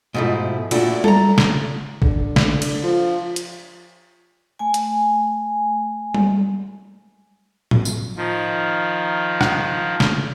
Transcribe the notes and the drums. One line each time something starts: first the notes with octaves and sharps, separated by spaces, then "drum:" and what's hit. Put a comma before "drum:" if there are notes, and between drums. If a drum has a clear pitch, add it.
G#2 B2 F3 A3 E4
A#2 A3 D4 E4 F#4, drum: cymbal
A4 A#5, drum: tom G3
drum: snare
D3, drum: kick
drum: snare
drum: cymbal
F3
drum: hi-hat
A3 G#5
drum: hi-hat
drum: tom G3
drum: tom A2
drum: tambourine
D#3 F3
drum: rim click
drum: snare